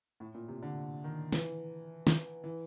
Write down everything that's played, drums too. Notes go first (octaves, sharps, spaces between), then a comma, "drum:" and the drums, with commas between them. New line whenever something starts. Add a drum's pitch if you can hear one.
A2
A#2
C3
D3
D#3
E3, drum: snare
drum: snare
E3